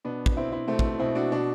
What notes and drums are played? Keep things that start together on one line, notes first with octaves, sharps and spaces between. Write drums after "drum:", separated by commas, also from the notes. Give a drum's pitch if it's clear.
B2 B3 D4
drum: kick
B2 C4 E4
C4 E4
B2 A3 C4
drum: kick
B2 C4 E4
D4 F#4
B2 D4 F#4